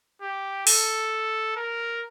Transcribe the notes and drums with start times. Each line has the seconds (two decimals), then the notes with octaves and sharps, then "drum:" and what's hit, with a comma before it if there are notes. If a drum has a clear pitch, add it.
0.22 G4
0.67 A4, drum: open hi-hat
1.57 A#4